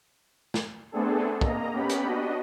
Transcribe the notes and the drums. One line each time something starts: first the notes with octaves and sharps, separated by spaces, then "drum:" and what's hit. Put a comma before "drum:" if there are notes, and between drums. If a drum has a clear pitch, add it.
drum: snare
A3 B3 C4 D4 G#4 A4
A#3 D#5 A#5, drum: kick
B3 C#4 G4 B5
drum: hi-hat
D4 F#4 D#5